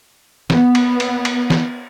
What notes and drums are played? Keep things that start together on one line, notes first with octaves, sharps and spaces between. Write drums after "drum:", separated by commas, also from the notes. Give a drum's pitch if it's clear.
B3, drum: snare
drum: cymbal
drum: cymbal
drum: cymbal
drum: snare